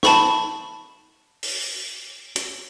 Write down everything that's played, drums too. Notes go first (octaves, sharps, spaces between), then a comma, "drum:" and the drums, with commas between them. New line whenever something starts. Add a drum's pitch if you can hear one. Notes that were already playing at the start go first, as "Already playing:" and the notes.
A5 B5 C#6, drum: snare
drum: open hi-hat
drum: hi-hat